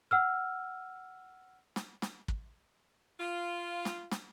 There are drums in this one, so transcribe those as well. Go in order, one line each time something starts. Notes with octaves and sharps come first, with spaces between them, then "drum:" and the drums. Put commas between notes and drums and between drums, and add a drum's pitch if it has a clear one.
F#5 E6 F6
drum: snare
drum: snare
drum: kick
F4
drum: snare
drum: snare